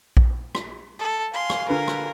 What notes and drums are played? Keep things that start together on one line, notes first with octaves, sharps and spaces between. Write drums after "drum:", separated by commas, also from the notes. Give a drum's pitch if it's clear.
drum: kick A#1
drum: rim click
A4
F5 G#5 C6
drum: rim click
D3 F4 A#4 B4
drum: rim click